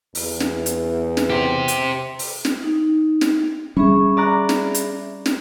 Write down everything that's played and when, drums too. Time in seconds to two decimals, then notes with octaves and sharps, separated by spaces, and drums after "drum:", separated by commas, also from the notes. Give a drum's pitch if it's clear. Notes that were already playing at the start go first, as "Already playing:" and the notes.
0.15 E2, drum: open hi-hat
0.40 drum: snare
0.66 drum: hi-hat
1.17 drum: snare
1.30 G4 C5
1.68 drum: hi-hat
2.19 drum: open hi-hat
2.45 drum: snare
2.63 D#4
3.21 drum: snare
3.77 G3 C#4 G#4 E5 B5 C#6
4.17 D5 A#5 F#6
4.49 drum: snare
4.74 drum: hi-hat
5.26 drum: snare